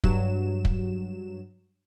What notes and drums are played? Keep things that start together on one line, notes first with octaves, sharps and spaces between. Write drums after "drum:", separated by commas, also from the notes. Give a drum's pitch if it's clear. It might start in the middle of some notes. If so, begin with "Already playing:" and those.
G2 F#3 E7, drum: kick
drum: kick